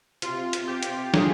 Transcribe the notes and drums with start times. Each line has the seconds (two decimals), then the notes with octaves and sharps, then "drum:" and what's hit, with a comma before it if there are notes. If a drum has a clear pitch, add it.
0.22 C3 F4, drum: hi-hat
0.53 C3, drum: hi-hat
0.68 G4
0.83 C3, drum: hi-hat
1.14 G#4, drum: snare